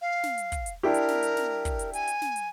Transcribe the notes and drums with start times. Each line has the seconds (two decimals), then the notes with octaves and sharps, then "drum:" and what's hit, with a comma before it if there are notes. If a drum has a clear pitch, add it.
0.01 F5
0.24 drum: snare
0.38 drum: hi-hat
0.52 drum: kick, hi-hat
0.66 drum: hi-hat
0.83 D4 E4 G4 A#4
0.94 drum: hi-hat
1.08 drum: snare
1.23 drum: hi-hat
1.37 drum: snare
1.65 drum: kick, hi-hat
1.79 drum: hi-hat
1.93 G#5, drum: hi-hat
2.08 drum: hi-hat
2.22 drum: snare
2.36 drum: hi-hat